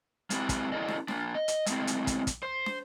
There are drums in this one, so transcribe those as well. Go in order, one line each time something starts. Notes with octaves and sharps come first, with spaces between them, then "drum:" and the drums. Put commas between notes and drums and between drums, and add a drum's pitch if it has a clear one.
G#3 C4 E4 G4 B4, drum: hi-hat
drum: kick, hi-hat
C#4 E4 G#4 A4 D5 D#5
drum: snare
A#3 D4, drum: snare
D#5
drum: hi-hat
G#3 A3 C4 E4, drum: hi-hat
drum: hi-hat
drum: kick, hi-hat
drum: kick, hi-hat
C5
drum: snare